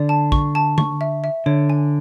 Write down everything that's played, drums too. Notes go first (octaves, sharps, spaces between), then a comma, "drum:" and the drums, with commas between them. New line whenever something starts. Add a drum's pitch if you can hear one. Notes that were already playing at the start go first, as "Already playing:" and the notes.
Already playing: D3 D5
A5
C#6, drum: kick
A5
C#6, drum: tom D3
E5
E5
D3 C#5
G#5